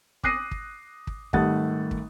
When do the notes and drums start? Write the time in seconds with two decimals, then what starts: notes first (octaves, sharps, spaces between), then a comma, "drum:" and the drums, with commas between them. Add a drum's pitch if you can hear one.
0.23 D6 D#6 F#6 A#6 C7 D#7, drum: kick
0.51 drum: kick
1.07 drum: kick
1.33 G#1 G3 A3 F#5 D#6 A6, drum: kick
1.91 drum: kick